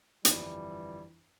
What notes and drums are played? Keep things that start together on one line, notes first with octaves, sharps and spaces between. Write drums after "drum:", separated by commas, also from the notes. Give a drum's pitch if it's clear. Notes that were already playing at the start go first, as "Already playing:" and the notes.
G1 F2 E3 G3, drum: hi-hat